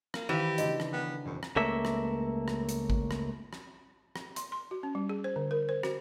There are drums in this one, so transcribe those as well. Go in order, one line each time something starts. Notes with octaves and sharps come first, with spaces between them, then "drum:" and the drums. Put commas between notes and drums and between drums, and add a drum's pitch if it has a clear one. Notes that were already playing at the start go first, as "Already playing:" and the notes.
A#3, drum: rim click
D#3 E3 G4 C5 F5
C#3 A3 D4 F#4 D#5, drum: hi-hat
drum: rim click
B3 A#4 G5
E1 F#2 C5 C#7
drum: rim click
C#2 A3 A#3 E5
drum: rim click
drum: rim click
drum: hi-hat
drum: kick G#1
drum: rim click
drum: rim click
drum: rim click
C6, drum: hi-hat
C6
F#4
C#4
G3
G#4
C5
D3
A#4
C5
F#4, drum: rim click